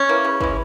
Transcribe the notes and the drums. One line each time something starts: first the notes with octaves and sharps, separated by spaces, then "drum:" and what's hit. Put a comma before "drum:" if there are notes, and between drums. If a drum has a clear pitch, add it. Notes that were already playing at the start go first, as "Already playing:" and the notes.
Already playing: C#4
E3 A#3
C#3
E3 G#3, drum: kick